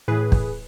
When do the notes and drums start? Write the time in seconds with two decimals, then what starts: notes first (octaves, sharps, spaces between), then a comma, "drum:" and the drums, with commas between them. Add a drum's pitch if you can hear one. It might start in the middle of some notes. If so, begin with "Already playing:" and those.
0.08 A2 E3 G#4 B4
0.32 drum: kick